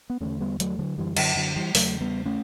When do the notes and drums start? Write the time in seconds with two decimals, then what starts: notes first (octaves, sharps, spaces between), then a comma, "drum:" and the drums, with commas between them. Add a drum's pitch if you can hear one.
0.10 B3
0.20 E2 D3 A3 C#4
0.40 G3 B3
0.60 F#3 A3, drum: hi-hat
0.79 D3 F#3
0.98 F#2 D3 E3 G3
1.17 D3 F#3, drum: cymbal
1.36 D3 F#3
1.56 E3 G3
1.75 E2 C#3 F#3 A3, drum: open hi-hat
2.01 G3 B3
2.25 A3 C#4